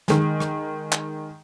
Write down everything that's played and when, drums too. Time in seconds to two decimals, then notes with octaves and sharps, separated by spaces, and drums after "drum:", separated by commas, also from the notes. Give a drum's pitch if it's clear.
0.08 D#3 G#3, drum: snare
0.40 drum: rim click
0.92 drum: clap